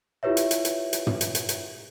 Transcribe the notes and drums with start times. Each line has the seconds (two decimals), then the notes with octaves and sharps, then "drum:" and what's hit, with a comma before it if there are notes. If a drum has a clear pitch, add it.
0.23 E4 F4 G4 B4 C#5 E5
0.37 drum: hi-hat
0.51 drum: hi-hat
0.65 drum: hi-hat
0.93 drum: hi-hat
1.07 drum: tom
1.21 drum: hi-hat
1.35 drum: hi-hat
1.49 drum: hi-hat